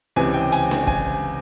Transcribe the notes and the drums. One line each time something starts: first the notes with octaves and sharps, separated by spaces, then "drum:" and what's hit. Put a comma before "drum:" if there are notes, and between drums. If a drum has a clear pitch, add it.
C#2 C3 E3 G#5
G5
G#5, drum: hi-hat
drum: snare
G#5, drum: kick